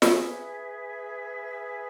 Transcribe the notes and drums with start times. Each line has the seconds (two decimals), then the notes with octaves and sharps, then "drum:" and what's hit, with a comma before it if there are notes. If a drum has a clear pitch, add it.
0.02 G#4 B4 E5, drum: snare